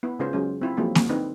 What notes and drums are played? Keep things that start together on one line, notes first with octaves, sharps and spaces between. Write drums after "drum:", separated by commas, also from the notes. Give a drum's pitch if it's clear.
B3 E4
C#3 G#3 C#4 F4 B4 C5
F#3 G#3 C#4
C4 E4 F4
F3 F#3 G#3 A#3 C4 E4
drum: snare A#3
D3 C4 D#4 B4